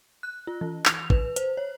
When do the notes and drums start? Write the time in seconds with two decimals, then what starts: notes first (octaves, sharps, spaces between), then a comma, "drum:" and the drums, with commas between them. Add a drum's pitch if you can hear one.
0.23 F#6
0.47 F4
0.61 E3
0.86 F7, drum: clap
1.10 B4, drum: kick
1.36 C5, drum: hi-hat
1.57 C#5